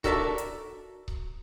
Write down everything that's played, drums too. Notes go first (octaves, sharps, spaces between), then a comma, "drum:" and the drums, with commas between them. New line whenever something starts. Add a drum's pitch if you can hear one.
F#4 A4 A#4 D5 E5 A5, drum: kick C#1
drum: hi-hat
drum: kick C#1